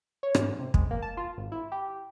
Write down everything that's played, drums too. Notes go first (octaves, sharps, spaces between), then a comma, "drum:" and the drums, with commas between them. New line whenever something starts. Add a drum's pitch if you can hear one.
C#5
G#2, drum: rim click
C3
G#3, drum: kick
A#3
A5
F4
G#1
E4
G4